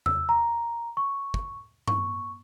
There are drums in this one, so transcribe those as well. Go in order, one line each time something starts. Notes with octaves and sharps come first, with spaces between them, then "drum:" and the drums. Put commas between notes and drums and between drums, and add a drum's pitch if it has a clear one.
E6, drum: tom E2
A#5
C#6
drum: kick
C#6, drum: tom G2